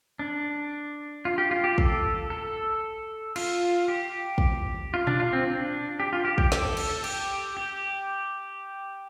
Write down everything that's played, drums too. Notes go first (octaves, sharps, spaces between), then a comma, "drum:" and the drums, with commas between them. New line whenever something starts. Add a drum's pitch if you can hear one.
D4
F4
G4
F4
G4
A4, drum: kick
A4
F4, drum: cymbal
G4
drum: kick
F4
D4, drum: tom A#2
F4
C4
D4
G4
F4
G4
G4, drum: kick
A4, drum: snare
drum: cymbal
G4, drum: cymbal
G4